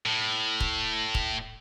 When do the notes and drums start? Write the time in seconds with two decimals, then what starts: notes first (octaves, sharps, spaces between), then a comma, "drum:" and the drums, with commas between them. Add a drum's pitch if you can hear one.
0.06 A2
0.60 drum: kick D#1
1.15 drum: kick D#1